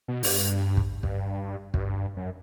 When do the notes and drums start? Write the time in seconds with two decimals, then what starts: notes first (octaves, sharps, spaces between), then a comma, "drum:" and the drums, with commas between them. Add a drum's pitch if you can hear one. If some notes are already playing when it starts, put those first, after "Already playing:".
0.08 B2
0.23 G#2, drum: open hi-hat
0.27 G2
0.77 drum: kick
1.03 G2, drum: kick
1.74 F#2, drum: kick
1.80 G2
2.17 F#2